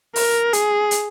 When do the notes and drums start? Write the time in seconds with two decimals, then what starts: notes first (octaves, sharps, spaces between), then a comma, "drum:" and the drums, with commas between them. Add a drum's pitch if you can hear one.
0.16 A#4, drum: open hi-hat
0.53 G#4, drum: hi-hat
0.91 drum: hi-hat